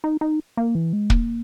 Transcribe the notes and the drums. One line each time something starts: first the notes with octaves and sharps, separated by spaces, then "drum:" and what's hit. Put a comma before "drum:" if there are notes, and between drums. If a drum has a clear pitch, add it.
D#4
D#4
A#3
E3
G#3
A#3, drum: kick